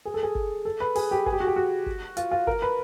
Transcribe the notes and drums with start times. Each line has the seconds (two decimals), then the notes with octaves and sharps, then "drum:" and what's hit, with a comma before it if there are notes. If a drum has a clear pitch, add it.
0.05 G#4
0.14 A4
0.23 G#4
0.35 drum: kick
0.65 A4
0.80 B4
0.95 G#4, drum: open hi-hat
1.11 G4
1.26 G#4, drum: kick
1.33 G4
1.40 F#4
1.47 G4
1.56 F#4
1.86 drum: kick
2.17 F4, drum: hi-hat
2.31 F4
2.47 A#4, drum: kick
2.62 B4